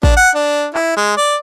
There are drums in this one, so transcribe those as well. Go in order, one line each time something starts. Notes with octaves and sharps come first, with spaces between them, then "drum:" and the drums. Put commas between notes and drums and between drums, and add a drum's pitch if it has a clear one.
D4, drum: kick
F#5
D4
E4, drum: clap
G#3
D5